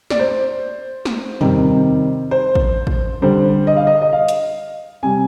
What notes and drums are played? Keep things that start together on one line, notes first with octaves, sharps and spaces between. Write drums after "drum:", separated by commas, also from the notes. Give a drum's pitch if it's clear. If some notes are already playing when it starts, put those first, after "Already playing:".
D5, drum: snare
C5
drum: snare
C3 D#3 G3, drum: tom
C5
drum: kick A1
drum: kick A1
D3 G3 C5
D#5
F5
D#5
D#5
F5
drum: hi-hat
C3 G3 G#5